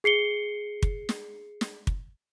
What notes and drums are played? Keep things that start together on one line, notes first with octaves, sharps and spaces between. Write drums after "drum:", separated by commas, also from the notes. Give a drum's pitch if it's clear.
G#4 C7 C#7 G7
drum: kick
drum: snare
drum: snare
drum: kick